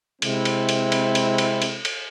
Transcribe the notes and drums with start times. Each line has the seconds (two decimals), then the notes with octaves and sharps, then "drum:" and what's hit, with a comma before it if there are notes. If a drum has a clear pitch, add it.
0.22 C3 G#3 C4 E4, drum: cymbal
0.45 drum: cymbal
0.69 drum: cymbal
0.92 drum: cymbal
1.15 drum: cymbal
1.38 drum: cymbal
1.62 drum: cymbal
1.85 drum: cymbal